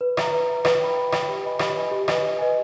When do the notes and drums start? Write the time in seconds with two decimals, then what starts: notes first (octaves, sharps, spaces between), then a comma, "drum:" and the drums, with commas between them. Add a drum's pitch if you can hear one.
0.01 B4
0.17 E5 A#5, drum: rim click
0.32 B4
0.48 E5 A#5
0.65 B4, drum: rim click
0.80 G5 B5
0.96 B4
1.12 G5 B5, drum: rim click
1.29 G4
1.43 B4 D#5 G#5 B5
1.59 G4, drum: rim click
1.75 B4 D#5 G#5 B5
1.91 G4
2.08 B4 D#5 G#5, drum: rim click
2.23 G4
2.39 B4 D#5 G#5